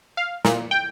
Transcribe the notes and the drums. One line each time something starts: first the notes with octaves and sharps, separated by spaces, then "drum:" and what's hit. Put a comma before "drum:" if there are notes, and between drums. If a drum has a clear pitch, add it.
F5
A#2, drum: snare
G5